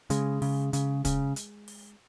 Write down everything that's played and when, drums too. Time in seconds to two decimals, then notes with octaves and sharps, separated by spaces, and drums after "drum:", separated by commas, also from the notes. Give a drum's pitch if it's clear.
0.10 C#3 G#3, drum: hi-hat
0.42 C#3, drum: open hi-hat
0.73 C#3, drum: hi-hat
1.05 C#3, drum: kick, hi-hat
1.36 drum: hi-hat
1.68 drum: open hi-hat